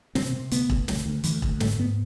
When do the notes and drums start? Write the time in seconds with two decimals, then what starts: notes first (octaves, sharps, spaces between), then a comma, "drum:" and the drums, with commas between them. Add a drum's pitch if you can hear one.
0.15 C3 C4, drum: snare
0.33 C3
0.51 D2 B3, drum: hi-hat
0.70 D2, drum: kick E1
0.88 D2, drum: snare
1.06 D2
1.24 D2 E3, drum: hi-hat
1.42 D2, drum: kick E1
1.60 G#2 A3, drum: snare
1.78 G#2 B3